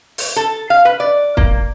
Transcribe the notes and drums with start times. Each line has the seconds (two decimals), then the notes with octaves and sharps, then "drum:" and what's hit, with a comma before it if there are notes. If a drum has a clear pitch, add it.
0.18 drum: open hi-hat
0.36 A4
0.70 F5
0.85 B4
1.00 D5
1.37 A#3, drum: kick